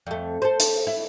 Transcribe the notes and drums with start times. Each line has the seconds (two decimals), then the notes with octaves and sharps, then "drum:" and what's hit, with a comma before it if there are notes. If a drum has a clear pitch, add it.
0.07 F2 A3
0.42 A4 C5
0.60 drum: hi-hat
0.87 E4